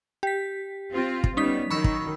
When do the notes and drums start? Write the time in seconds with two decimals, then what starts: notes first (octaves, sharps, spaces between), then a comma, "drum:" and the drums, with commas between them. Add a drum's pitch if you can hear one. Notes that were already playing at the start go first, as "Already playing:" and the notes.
0.23 G4 B6
0.93 C4 F4
1.24 drum: kick
1.37 G3 B3 C#4 D#4 B6
1.71 D#3 F#3 B5 C#6 E6
1.84 drum: kick